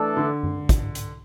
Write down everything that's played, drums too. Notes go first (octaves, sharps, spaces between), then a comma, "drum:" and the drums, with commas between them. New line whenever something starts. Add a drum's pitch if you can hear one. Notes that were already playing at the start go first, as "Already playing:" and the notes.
Already playing: E3 A3 D4 A4
D3
drum: tom F#2
drum: kick, hi-hat
drum: hi-hat